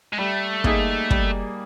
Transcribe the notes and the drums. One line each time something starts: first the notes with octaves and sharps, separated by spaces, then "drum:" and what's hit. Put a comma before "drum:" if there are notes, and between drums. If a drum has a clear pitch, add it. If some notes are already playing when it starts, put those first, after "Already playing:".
G#3
G3 A3
A#3 D#4 G#4, drum: kick
G3, drum: kick